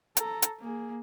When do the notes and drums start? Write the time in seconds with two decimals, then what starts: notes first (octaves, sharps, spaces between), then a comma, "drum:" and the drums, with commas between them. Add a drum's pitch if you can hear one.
0.17 A4 A#5, drum: hi-hat
0.42 drum: hi-hat
0.60 A#3 G#4